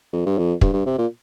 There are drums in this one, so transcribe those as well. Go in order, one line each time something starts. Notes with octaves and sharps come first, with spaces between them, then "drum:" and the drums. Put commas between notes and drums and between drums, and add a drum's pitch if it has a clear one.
F2
G2
F2
G2, drum: kick
G2
C3
A#2